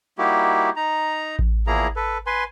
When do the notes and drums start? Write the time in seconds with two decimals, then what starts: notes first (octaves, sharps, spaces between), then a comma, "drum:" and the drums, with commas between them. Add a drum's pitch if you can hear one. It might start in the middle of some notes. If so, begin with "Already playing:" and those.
0.18 G3 A#3 D#4 E4 F#4 G4
0.76 D#4 A#5
1.39 drum: kick A1
1.67 E2 F3 A#3 E4 G#4 A#5
1.96 A4 B4
2.27 B4 G#5 C6